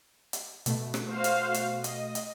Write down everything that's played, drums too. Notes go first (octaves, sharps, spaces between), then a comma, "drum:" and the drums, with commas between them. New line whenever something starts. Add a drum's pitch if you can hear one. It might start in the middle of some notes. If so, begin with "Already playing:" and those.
drum: hi-hat
B2 A3, drum: hi-hat
drum: rim click
F#4 C5 F5
drum: hi-hat
drum: hi-hat
D#5, drum: hi-hat
drum: hi-hat